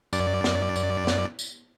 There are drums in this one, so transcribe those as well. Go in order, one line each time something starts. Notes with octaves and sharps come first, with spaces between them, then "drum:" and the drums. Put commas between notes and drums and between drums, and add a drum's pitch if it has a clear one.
F#2 D5, drum: tambourine
drum: snare
drum: tambourine
drum: snare
drum: tambourine